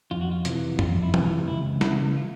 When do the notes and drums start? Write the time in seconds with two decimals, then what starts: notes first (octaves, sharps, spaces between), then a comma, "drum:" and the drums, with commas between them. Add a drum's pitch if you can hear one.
0.11 F2 F4
0.21 F#4
0.31 F4
0.45 C3 E3 F4, drum: hi-hat
0.79 F2 F4, drum: tom
1.03 E4
1.14 C3 E3, drum: tom
1.25 F4
1.47 C#2 E4
1.81 C#3 E3 E4, drum: snare
2.16 F4